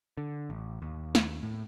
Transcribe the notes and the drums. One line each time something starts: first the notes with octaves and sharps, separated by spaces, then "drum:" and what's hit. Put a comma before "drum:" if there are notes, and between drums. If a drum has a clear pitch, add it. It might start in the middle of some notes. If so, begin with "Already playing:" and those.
D3
A1
D#2
drum: snare
A2